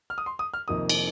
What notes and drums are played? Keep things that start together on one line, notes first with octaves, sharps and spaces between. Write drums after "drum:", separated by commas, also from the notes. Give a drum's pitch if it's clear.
F6
D#6
C6
D#6
F6
F2 C3 D#3 A#3 D#6
drum: cymbal